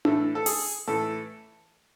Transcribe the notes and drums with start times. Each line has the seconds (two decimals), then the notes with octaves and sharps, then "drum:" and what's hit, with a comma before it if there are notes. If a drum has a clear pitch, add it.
0.05 A2 E3 A3 A4, drum: tom D4
0.35 A4
0.46 G#4, drum: open hi-hat
0.88 A2 E3 A3 A4